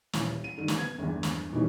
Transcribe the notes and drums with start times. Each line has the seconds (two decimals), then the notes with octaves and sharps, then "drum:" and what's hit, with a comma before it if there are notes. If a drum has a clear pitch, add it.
0.13 D#1 E3, drum: snare
0.44 D#7
0.57 G2 D3 D#3 D#7
0.68 drum: snare
0.77 B3 G#6
0.98 G1 E2
1.23 drum: snare
1.53 B2 D#3 E3 G3 C#4